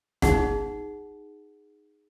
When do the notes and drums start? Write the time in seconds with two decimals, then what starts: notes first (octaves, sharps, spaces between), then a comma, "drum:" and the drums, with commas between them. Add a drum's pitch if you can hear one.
0.22 D#4 G#4 F#5, drum: snare